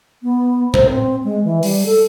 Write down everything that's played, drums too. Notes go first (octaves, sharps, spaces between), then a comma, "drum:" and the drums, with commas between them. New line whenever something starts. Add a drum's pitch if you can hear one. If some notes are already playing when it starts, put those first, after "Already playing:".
B3
C5, drum: tom A2
C4
G#3
E3
G3, drum: open hi-hat
A4